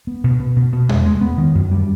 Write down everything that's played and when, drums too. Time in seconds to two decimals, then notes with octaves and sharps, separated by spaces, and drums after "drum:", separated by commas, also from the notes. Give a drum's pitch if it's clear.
0.07 B3
0.24 B2
0.39 B2
0.56 B2
0.73 B2
0.89 G#3, drum: tom E2
1.06 G#3
1.21 B3
1.38 D#3
1.55 F#2
1.71 G3